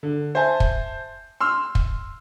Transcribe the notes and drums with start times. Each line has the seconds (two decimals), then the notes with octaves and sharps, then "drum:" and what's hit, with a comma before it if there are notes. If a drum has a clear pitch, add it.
0.03 D3
0.35 C5 E5 G#5 A5
0.60 drum: kick
1.41 C6 E6 F6
1.75 drum: kick